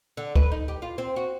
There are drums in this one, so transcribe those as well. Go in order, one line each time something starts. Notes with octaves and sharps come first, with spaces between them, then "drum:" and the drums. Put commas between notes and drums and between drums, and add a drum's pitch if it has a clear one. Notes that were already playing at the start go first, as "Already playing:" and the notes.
D3
B4, drum: kick
D#4
G4
F4
C4
F#4